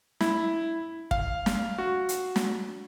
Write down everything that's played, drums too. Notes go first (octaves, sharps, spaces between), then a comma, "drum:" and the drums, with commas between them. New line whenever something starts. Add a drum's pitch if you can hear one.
E4, drum: snare
F5, drum: kick
drum: snare
F#4
drum: hi-hat
drum: snare